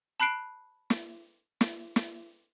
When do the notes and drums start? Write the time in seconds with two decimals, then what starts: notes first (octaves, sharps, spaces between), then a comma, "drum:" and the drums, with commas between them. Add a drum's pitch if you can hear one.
0.20 A5 B5 F#6 C7 D7
0.90 drum: snare
1.61 drum: snare
1.96 drum: snare